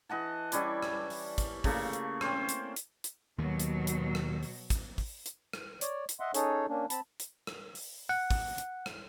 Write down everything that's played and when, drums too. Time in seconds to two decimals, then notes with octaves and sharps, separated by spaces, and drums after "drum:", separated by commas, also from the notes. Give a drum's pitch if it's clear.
0.09 E3 D#5 F#5 A5
0.52 G3 C#4 E4 D5, drum: hi-hat
0.83 drum: rim click
1.10 drum: open hi-hat
1.38 drum: kick, hi-hat
1.64 C#3 A3 A#3 C#6, drum: kick, open hi-hat
1.93 drum: hi-hat
2.21 C4 C#4 C5, drum: rim click
2.49 drum: hi-hat
2.76 drum: hi-hat
3.04 drum: hi-hat
3.38 D#2 B2 D#3 F#3
3.60 drum: hi-hat
3.87 drum: hi-hat
4.15 drum: rim click
4.43 drum: open hi-hat
4.70 drum: kick, hi-hat
4.98 drum: kick, open hi-hat
5.26 drum: hi-hat
5.53 drum: rim click
5.81 C#5 D5, drum: hi-hat
6.09 drum: hi-hat
6.20 D#5 E5 F#5 C6
6.34 C#4 D#4 G#4 A4 C#5, drum: hi-hat
6.69 A#3 C#4 D4
6.90 C4 A5 B5, drum: hi-hat
7.20 drum: hi-hat
7.47 drum: rim click
7.75 drum: open hi-hat
8.09 F#5
8.30 drum: kick, open hi-hat
8.58 drum: hi-hat
8.86 drum: rim click